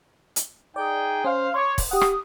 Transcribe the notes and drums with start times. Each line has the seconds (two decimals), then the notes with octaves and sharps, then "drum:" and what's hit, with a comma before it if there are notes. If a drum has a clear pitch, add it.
0.36 drum: hi-hat
0.76 D#4 G#4 D5 G5
1.24 C#4 C5 F5
1.54 C#5 C6 D6
1.78 drum: kick, open hi-hat
1.91 G4 F#5 D#6
2.01 drum: rim click